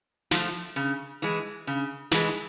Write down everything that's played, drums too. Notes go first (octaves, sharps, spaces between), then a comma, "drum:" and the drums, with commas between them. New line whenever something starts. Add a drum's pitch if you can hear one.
F3 A3, drum: snare
C#3
E3 G#3, drum: hi-hat
C#3
E3 G#3, drum: snare